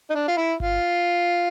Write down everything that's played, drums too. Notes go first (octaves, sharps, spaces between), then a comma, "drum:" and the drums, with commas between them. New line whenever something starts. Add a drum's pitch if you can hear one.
D#4
D4
F4
E4
F4, drum: kick G1